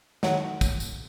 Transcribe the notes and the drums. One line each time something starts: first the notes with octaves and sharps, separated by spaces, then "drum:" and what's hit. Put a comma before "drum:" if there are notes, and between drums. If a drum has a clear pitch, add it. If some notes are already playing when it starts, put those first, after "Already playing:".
D#3 F#3, drum: snare
drum: kick, tambourine
drum: tambourine